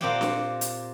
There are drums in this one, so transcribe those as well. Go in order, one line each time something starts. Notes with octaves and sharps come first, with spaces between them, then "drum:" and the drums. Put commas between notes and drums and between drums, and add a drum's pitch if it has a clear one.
A#2 A#3 C4 G4 F#5 G5
drum: snare D4
drum: hi-hat